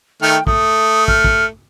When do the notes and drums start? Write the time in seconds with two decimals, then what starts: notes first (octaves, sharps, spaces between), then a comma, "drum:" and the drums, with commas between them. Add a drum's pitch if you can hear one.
0.22 D#3 A3 G5 F6
0.47 A3 D#6, drum: kick
1.08 F6, drum: kick
1.24 drum: kick